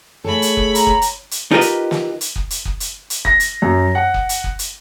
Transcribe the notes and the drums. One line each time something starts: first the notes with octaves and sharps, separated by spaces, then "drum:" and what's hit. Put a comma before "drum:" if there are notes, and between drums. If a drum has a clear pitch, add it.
A3 G#4 A4 C#5 B5
drum: hi-hat
drum: kick
A#5, drum: hi-hat
drum: kick
drum: hi-hat
drum: hi-hat
D#4 F4 G4 A#4 B4 D#5
drum: hi-hat
drum: snare
drum: hi-hat
drum: kick
drum: hi-hat
drum: kick
drum: hi-hat
drum: hi-hat
A#6, drum: kick
drum: hi-hat
F#2
F#5
drum: kick
drum: hi-hat
drum: kick
drum: hi-hat